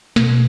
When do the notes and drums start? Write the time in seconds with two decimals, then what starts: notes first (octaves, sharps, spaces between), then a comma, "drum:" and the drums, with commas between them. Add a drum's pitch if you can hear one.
0.16 B2, drum: snare